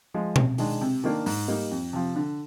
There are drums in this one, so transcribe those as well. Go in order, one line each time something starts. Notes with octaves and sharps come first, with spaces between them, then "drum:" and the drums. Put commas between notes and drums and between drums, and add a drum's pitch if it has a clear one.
F3 G#3
C3, drum: tom B2
D#3 G#3 D4, drum: open hi-hat
C3
D#3 A#3 D4
G#2, drum: open hi-hat
G3 A#3 D#4
F2
C3 F3
D3